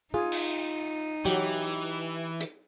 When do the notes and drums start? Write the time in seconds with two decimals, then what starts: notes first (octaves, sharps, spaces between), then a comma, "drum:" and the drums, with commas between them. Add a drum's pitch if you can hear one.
0.14 D#4 F4 G#4
0.32 drum: cymbal
1.25 E3 F#3 G4, drum: tambourine
2.41 drum: hi-hat